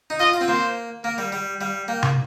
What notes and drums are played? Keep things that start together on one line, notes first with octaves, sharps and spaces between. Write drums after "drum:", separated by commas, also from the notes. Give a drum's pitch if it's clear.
D#4
F4 D#5
F4
C4
A#3 C5
A#3 A#4
G3
G3
G3 F5
A#3 G5
drum: tom C3